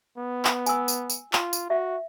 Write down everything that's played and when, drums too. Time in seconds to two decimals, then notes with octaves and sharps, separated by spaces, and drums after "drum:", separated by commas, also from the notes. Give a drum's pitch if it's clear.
0.18 B3
0.45 drum: clap
0.66 G#5 E6, drum: tambourine
0.88 drum: tambourine
1.10 drum: tambourine
1.33 F4, drum: clap
1.53 drum: tambourine
1.70 F#4 E5